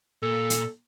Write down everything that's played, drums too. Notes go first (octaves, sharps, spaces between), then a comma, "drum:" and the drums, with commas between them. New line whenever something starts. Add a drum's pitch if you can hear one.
A#2 A4
drum: hi-hat